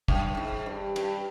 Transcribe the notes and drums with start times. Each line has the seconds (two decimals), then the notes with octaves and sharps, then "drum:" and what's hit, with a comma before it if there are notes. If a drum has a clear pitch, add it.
0.08 F#2, drum: kick
0.37 G#2
0.66 G2
0.96 G2, drum: cymbal